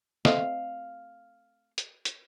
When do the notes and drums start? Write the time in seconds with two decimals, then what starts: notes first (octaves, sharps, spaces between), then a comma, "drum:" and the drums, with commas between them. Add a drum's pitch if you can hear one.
0.25 A3 C4 D#5 F5, drum: snare
1.78 drum: hi-hat
2.05 drum: hi-hat